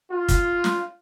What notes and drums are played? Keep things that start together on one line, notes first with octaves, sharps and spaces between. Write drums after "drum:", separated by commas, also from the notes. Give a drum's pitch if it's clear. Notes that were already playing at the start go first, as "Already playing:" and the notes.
F4
drum: kick, hi-hat
drum: snare